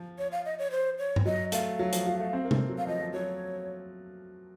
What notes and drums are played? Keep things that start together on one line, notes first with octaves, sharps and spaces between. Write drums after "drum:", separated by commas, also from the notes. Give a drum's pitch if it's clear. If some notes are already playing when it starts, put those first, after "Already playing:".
Already playing: F3
C#5
F5
D#5
C#5
C5
C#5
drum: tom G2
F#3 D#5
A3 F5, drum: hi-hat
F#3
F3, drum: hi-hat
F#3
A3
C4
A#3
A3, drum: tom C3
F#3
F5
F3 D#5
F3
F#3 C#5